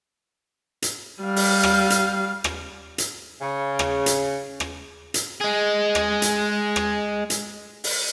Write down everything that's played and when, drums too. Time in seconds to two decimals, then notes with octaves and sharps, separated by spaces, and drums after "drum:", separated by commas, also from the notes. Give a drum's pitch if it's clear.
0.82 drum: hi-hat
1.23 G3 F5
1.36 drum: open hi-hat
1.63 drum: rim click
1.90 drum: hi-hat
2.44 drum: rim click
2.98 drum: hi-hat
3.42 C#3
3.79 drum: rim click
4.06 drum: hi-hat
4.60 drum: rim click
5.14 drum: hi-hat
5.41 G#3 G#4
5.95 drum: rim click
6.22 drum: hi-hat
6.76 drum: rim click
7.30 drum: hi-hat
7.84 drum: open hi-hat